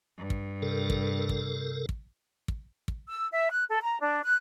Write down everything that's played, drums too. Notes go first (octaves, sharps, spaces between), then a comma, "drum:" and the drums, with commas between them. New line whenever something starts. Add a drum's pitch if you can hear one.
G2
drum: kick
C3 A4 A#4
drum: kick
drum: kick
drum: kick
drum: kick
drum: kick
E6
E5
F#6
A4
A#5
D4
F#6